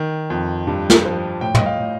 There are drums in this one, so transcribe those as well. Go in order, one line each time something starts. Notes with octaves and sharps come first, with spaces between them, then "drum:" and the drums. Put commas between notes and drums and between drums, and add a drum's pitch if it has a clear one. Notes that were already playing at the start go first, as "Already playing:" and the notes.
Already playing: D#3
F2
G2
drum: snare
F3
A2 G5
D#5, drum: tom
F5
A2